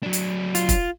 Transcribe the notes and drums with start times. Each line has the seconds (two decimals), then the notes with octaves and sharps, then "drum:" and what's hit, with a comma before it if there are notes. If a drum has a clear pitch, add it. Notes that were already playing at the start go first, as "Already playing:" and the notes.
0.03 F#3 D4
0.13 drum: hi-hat
0.55 F4, drum: hi-hat
0.69 drum: kick, hi-hat